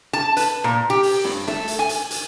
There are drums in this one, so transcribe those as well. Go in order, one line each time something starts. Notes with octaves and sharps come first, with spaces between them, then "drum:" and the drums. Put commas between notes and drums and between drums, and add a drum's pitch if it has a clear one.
A5
B4, drum: hi-hat
A#2
G4
drum: open hi-hat
G2, drum: snare
A3, drum: snare
drum: hi-hat
G#5
drum: hi-hat
drum: hi-hat